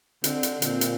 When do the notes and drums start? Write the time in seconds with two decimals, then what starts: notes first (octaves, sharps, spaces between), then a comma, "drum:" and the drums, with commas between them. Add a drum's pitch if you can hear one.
0.24 D3 C4, drum: hi-hat
0.43 drum: hi-hat
0.62 A#2 C4, drum: hi-hat
0.81 drum: hi-hat